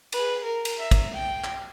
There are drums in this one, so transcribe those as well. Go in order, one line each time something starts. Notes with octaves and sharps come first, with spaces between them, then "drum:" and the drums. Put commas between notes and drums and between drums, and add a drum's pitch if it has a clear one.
G#4 B4, drum: cymbal
A#4
drum: cymbal
E5 A#5
drum: kick, cymbal
G5
drum: clap